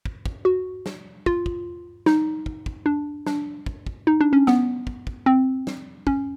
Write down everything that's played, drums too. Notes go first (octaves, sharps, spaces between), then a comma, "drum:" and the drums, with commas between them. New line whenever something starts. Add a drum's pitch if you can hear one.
drum: kick
drum: kick
F#4
drum: snare
F4, drum: kick
drum: kick
D#4, drum: snare
drum: kick
drum: kick
D4
D4, drum: snare
drum: kick
drum: kick
D#4
D4
C#4
B3, drum: snare
drum: kick
drum: kick
C4
drum: snare
C#4, drum: kick